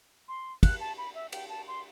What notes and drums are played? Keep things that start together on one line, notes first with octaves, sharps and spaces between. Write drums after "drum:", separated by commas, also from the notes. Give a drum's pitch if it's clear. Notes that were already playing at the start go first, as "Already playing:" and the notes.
C6
F#6, drum: kick, cymbal
A5
B5
E5
G5, drum: cymbal
A5
C6